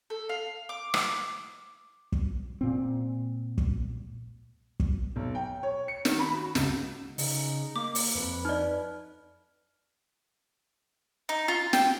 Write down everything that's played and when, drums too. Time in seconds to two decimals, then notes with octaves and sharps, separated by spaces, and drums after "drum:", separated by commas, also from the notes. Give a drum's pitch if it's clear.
0.10 A4
0.29 F5
0.69 D6
0.94 drum: rim click
2.12 drum: kick
2.61 A#2 C4
3.58 drum: kick
4.80 drum: kick
5.16 B1
5.35 G5
5.63 C#5
5.88 C#7
6.05 D#3, drum: snare
6.19 B5
6.33 F#4
6.55 C#2, drum: snare
7.18 C#3 D#4, drum: open hi-hat
7.76 A#3 D6
7.95 drum: open hi-hat
8.15 F2 B4
8.45 D#4 D5 F6
11.29 D#4
11.48 F4
11.73 G5, drum: snare